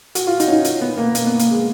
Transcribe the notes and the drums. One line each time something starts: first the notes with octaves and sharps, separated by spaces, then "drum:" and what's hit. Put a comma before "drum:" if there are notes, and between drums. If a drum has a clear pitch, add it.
F#4, drum: hi-hat
F4
D#4, drum: hi-hat
C#4
D#4
drum: hi-hat
B3
A#3
A#3, drum: hi-hat
B3
A#3, drum: hi-hat
G#3